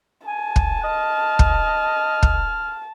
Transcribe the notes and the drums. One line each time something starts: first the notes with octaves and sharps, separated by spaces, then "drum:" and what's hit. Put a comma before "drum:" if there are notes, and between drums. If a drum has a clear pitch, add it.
G#5 A5
drum: kick
D#5 F6
drum: kick
drum: kick